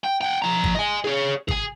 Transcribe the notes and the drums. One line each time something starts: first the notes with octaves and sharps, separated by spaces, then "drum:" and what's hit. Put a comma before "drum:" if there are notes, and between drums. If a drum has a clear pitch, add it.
G5
F#5 G5
F3 A#5
drum: kick
D#5 G#5
G#4 C#5
G#4 G#5, drum: kick